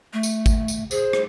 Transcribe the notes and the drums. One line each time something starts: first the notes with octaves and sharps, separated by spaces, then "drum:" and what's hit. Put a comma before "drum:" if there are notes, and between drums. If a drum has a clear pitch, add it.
A3
drum: tambourine
drum: kick G#1, tambourine
drum: tambourine
G#4 C5, drum: tambourine
drum: rim click